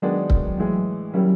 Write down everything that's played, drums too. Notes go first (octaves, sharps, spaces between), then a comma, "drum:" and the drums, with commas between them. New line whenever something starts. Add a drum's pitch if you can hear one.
D#3 F#3 G#3 B3 D4
drum: kick C#1
A2 E3 G#3
D#3 F#3 G3 A#3 C#4 E4